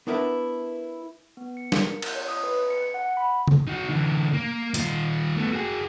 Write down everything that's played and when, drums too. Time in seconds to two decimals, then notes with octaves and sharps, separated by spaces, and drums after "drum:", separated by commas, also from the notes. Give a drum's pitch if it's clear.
0.07 B3 D4 E4 A#4 B4 E5
1.37 B3
1.57 C#7
1.72 A#4, drum: snare
2.02 G6, drum: cymbal
2.15 C#5
2.28 D#6
2.44 B4
2.70 C#7
2.94 F#5
3.17 B5
3.48 drum: tom
3.67 D#4 F#4
3.89 D3 E3
4.33 A#3
4.74 D#3 F4, drum: hi-hat
5.36 A3 B3
5.53 F#4 G#4